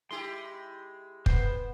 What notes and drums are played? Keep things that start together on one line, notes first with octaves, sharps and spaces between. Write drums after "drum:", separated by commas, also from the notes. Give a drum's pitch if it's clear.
G#3 E4 G4 C6
B3 C5, drum: kick